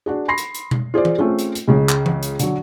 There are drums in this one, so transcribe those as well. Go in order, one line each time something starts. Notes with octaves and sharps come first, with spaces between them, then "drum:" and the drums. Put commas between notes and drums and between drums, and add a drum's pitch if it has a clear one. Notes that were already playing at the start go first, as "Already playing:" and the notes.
D4 F#4 G#4
B5 C6 A#6 C7
drum: hi-hat
drum: hi-hat
drum: tom B2
F4 G#4 C5 D5
drum: tom E3
A3 C4 C#4 F4 G#4
drum: hi-hat
drum: hi-hat
C#2 C#3 G#3
drum: clap
drum: tom E3
drum: hi-hat
D3 F#3, drum: hi-hat